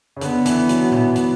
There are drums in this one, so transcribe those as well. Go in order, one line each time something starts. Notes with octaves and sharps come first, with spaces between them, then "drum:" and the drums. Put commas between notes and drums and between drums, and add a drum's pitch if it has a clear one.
C#3
D3 B3, drum: hi-hat
E3, drum: hi-hat
F#3, drum: hi-hat
E3, drum: tom A2
E3, drum: hi-hat